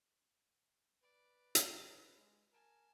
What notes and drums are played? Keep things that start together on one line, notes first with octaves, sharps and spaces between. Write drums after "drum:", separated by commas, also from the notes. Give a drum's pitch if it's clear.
B4 D5
drum: hi-hat
G#3
A#4 G#5 A5